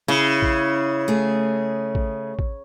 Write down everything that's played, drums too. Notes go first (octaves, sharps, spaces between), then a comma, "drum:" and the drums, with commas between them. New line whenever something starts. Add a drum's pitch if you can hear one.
C#3 E4
drum: kick
A3 G#4
drum: kick
drum: kick